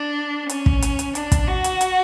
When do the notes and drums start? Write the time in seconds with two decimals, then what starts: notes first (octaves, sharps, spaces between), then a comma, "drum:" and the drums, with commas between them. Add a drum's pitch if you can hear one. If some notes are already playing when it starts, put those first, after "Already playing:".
Already playing: D4
0.49 C#4, drum: hi-hat
0.66 drum: kick
0.82 drum: hi-hat
0.99 drum: hi-hat
1.15 D4, drum: hi-hat
1.32 drum: kick, hi-hat
1.48 F#4
1.64 drum: hi-hat
1.81 drum: hi-hat